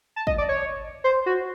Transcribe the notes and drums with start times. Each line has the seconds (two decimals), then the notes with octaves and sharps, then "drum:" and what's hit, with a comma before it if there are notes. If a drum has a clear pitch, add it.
0.16 A5
0.27 D#5, drum: kick
0.38 D5
0.49 C#5
1.04 C5
1.26 F#4